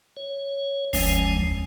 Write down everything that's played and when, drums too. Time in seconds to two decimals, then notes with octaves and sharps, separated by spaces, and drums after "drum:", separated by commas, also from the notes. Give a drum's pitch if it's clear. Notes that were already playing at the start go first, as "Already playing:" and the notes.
0.17 C#5
0.93 F#1 D2 F3 G#3 C#4 G#5, drum: open hi-hat
1.43 D#2